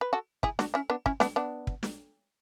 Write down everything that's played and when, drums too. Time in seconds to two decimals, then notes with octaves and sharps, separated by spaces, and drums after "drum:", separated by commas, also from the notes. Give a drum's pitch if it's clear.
0.01 B4
0.13 F#4 A4
0.43 E4 G#4, drum: kick
0.59 D4 F#4, drum: snare
0.74 C#4 E4
0.90 B3 D4
1.06 C#4 E4, drum: kick
1.20 B3 D4, drum: snare
1.36 B3 D4
1.67 drum: kick
1.83 drum: snare